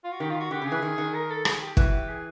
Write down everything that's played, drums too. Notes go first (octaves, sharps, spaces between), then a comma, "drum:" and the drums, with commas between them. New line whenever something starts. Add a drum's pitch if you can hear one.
F4
F#4
D#3 G4
F4
F#4
D3 G4
C#3
G#4
E3
D#3
D#3
A#4
A4
G#4, drum: rim click
G4
E3 F#4, drum: kick
G4
G#4